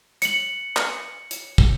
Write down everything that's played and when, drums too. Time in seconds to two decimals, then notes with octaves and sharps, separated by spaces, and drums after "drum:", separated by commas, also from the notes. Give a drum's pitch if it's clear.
0.22 C#7 F#7, drum: hi-hat
0.76 drum: clap
1.31 drum: hi-hat
1.58 drum: kick